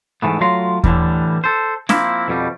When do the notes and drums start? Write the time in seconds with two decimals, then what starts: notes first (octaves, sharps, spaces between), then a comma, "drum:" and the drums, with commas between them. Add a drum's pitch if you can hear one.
0.22 G#2 E3 A3 B3
0.41 F#3 A3 F4 A#5 C6
0.84 A2 D3 E3 F3 G3, drum: kick D#2
1.44 A4 C5
1.89 F3 A#3 C4 E4, drum: snare
2.28 F2 B2 G3